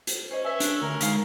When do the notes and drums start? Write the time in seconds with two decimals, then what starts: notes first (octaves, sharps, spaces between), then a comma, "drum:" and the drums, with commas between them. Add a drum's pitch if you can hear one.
0.07 drum: hi-hat
0.31 C#4 C5 D#5
0.45 B4 E5 G#5
0.60 D4, drum: hi-hat
0.82 D2 A#4
1.01 D2 G#3 D#4 F5, drum: hi-hat